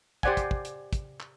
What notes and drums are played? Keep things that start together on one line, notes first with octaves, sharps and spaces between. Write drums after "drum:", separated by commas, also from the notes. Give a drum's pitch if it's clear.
G4 C5 D5 F#5 G#5, drum: kick
drum: kick, hi-hat
drum: kick
drum: hi-hat
drum: kick, hi-hat
drum: clap